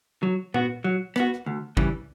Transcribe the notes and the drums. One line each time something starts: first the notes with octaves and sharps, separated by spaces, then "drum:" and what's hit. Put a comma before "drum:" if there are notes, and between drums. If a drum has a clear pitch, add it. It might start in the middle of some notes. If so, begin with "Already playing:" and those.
F#3
B3 F#4, drum: tom A#2
F#3
B3 F#4, drum: rim click
D2
C#3 E3 G3, drum: kick